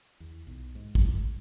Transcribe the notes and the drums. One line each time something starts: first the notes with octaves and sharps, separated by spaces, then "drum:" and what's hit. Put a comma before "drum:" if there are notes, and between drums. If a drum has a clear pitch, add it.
E2
B1
G#2
drum: kick
G#1